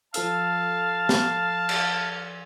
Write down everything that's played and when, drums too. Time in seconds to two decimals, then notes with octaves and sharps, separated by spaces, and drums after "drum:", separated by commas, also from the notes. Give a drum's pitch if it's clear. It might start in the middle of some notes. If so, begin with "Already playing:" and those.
0.14 F3 A4 F5 A5 E6, drum: hi-hat
1.09 drum: snare
1.69 drum: cymbal